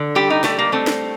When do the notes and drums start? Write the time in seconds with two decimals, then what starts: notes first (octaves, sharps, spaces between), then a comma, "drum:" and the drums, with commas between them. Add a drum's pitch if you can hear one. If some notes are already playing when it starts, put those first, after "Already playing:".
Already playing: D3
0.15 G3 G4
0.30 D#4
0.44 G3 A3, drum: snare
0.58 A#3
0.72 A3 C4
0.87 drum: snare